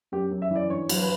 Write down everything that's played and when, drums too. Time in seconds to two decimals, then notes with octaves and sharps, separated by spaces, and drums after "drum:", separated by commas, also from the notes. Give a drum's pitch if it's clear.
0.12 F#2 G4
0.31 F#2
0.42 E5
0.51 E3 D5
0.70 G2 C#5
0.89 F#3, drum: cymbal
1.00 B4